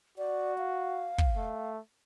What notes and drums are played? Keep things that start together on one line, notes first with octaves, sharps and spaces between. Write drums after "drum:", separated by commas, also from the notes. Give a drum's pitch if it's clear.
F#4 D5
F5
drum: kick
A3